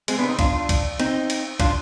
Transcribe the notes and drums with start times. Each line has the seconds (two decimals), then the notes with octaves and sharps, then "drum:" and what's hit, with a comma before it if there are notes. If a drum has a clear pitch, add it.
0.08 G#3 C4, drum: cymbal
0.18 B3 D4
0.29 C4 D#4
0.39 D4 F4, drum: kick, cymbal
0.69 drum: kick, cymbal
1.00 C4 D#4, drum: cymbal
1.30 drum: cymbal
1.60 D4 F4, drum: kick, cymbal